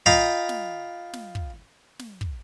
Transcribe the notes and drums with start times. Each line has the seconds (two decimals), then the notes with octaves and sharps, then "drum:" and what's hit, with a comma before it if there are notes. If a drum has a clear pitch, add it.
0.06 F4 D#5 F5 G5 A#5 B5, drum: kick
0.49 drum: snare
1.13 drum: snare
1.35 drum: kick
1.99 drum: snare
2.21 drum: kick